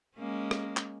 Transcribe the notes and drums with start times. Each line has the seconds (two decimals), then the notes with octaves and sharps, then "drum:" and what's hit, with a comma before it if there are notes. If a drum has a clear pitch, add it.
0.16 G#3 A#3 C#4
0.51 drum: rim click
0.77 drum: clap